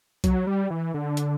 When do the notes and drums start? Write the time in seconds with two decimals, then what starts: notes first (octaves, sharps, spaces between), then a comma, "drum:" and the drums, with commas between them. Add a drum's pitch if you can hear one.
0.24 F#3, drum: kick, hi-hat
0.47 G3
0.70 E3
0.94 D3
1.17 drum: hi-hat